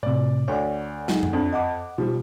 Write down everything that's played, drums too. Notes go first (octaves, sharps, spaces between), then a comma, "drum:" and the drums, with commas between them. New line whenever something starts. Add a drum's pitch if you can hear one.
A2 C3 D5
D2 C#5 D5
F#3 G#3 D#4, drum: snare
drum: tom F#2
F2 D4
D#5 F#5 D6
B2 F3 G3